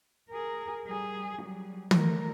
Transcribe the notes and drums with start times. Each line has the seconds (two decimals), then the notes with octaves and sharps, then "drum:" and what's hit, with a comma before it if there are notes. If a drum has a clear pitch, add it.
0.30 G#4 A#4
0.84 G3 G#4
1.40 F#3 G3
1.91 A3 A#4, drum: tom